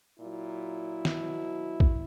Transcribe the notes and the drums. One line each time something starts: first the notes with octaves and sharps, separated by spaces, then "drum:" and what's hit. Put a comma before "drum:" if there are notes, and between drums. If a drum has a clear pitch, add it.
A#2 F#3 E4
B2 F#3, drum: snare
drum: kick